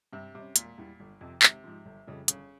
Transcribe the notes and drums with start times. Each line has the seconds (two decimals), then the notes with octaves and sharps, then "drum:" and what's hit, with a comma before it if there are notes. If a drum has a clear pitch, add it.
0.13 G2 C3
0.34 C3 G3 C#4
0.56 E1 A#2, drum: hi-hat
0.78 E2 E3 G3
1.00 G1
1.21 F2 C3
1.43 G#1 C3, drum: clap
1.64 G#2 F3
1.86 G1
2.07 F2 C#3 G3
2.28 G1 C#3, drum: hi-hat